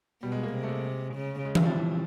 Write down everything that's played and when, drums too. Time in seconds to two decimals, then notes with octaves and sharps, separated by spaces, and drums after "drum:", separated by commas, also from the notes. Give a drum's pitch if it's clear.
0.22 B2 G3
0.32 G#3
0.43 A#3
0.53 C3
0.63 A3
0.68 G#3
1.14 C#3
1.45 G#3
1.55 G3, drum: tom E3
1.66 F3
1.76 E3